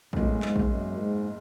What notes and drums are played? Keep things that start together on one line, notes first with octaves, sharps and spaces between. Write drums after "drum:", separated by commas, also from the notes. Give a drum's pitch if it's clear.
F#1 E2 A2 C#3 G#3, drum: kick
G#2, drum: clap
drum: kick
F#2
G#2